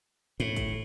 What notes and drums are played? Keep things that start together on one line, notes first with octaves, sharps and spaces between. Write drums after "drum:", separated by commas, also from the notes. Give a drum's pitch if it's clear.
A2, drum: hi-hat
drum: kick, hi-hat